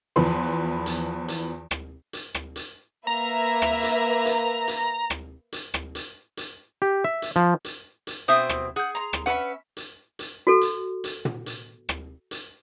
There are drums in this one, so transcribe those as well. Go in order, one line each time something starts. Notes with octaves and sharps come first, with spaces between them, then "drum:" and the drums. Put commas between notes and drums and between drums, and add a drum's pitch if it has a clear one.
E2 E3 F3 B4 C6
drum: hi-hat
drum: hi-hat
drum: rim click
drum: hi-hat
drum: rim click
drum: hi-hat
A#3 B4 E5 A#5
drum: rim click
drum: hi-hat
drum: hi-hat
drum: hi-hat
drum: rim click
drum: hi-hat
drum: rim click
drum: hi-hat
drum: hi-hat
G4
E5
drum: hi-hat
F3
drum: hi-hat
drum: hi-hat
B2 C4 C5 E5 G5 D#6
drum: rim click
G#4 F#5 G6
A#5 C6
drum: rim click
C#4 B4 E5 F#5 B5
drum: hi-hat
drum: hi-hat
F#4 A4
drum: hi-hat
drum: hi-hat
drum: tom
drum: hi-hat
drum: rim click
drum: hi-hat